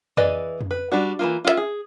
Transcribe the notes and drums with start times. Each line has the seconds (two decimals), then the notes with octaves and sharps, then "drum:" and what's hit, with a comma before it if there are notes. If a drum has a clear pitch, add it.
0.17 E3 G#4 B4 D5 D#5, drum: tom F2
0.61 drum: tom F2
0.71 B4
0.92 G3 D4 F#4
1.19 E3 A3 A#3 F4
1.44 F4 F#4 E5
1.57 G#4